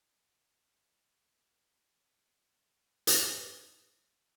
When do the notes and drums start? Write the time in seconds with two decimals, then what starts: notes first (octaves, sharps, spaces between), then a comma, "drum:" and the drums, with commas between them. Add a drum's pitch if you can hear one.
0.16 F#2 A2 A3 A#3 G4 D#5
0.49 E3 G#3 G4
0.92 A#2 C#3 A#4 C5
1.43 A#3 C4 F#4 A#4
3.07 drum: hi-hat
3.46 C#2
3.81 B6
4.07 D#5